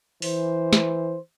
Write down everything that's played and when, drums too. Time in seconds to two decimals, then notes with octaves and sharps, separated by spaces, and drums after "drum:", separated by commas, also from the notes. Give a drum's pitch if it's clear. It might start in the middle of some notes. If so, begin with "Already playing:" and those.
0.22 E3 C5, drum: open hi-hat
0.73 drum: snare